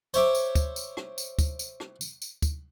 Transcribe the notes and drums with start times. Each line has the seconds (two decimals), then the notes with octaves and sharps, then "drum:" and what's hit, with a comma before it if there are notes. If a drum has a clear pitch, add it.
0.14 C5 C#5 E5 D6, drum: tambourine
0.35 drum: tambourine
0.55 drum: kick, tambourine
0.76 drum: tambourine
0.97 drum: rim click
1.18 drum: tambourine
1.39 drum: kick, tambourine
1.59 drum: tambourine
1.80 drum: rim click
2.01 drum: tambourine
2.22 drum: tambourine
2.42 drum: kick, tambourine